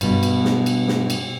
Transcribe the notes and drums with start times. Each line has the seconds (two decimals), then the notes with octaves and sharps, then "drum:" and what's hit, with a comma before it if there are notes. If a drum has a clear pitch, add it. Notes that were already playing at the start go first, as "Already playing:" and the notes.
0.01 G2 B2, drum: cymbal
0.23 drum: cymbal
0.45 drum: snare
0.66 drum: cymbal
0.88 drum: snare
1.10 drum: cymbal